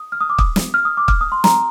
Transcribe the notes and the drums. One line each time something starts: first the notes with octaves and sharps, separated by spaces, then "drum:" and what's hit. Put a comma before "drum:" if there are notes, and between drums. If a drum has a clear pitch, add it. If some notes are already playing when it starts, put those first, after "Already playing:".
Already playing: D#6
F6
D#6
D6
D#6, drum: kick
drum: snare
F6
D#6
D6
F6, drum: kick
D#6
C6
A#5, drum: snare